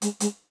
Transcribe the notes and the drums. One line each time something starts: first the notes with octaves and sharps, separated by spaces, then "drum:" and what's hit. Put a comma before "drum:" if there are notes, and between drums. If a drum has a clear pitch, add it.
G#3, drum: hi-hat
G#3, drum: hi-hat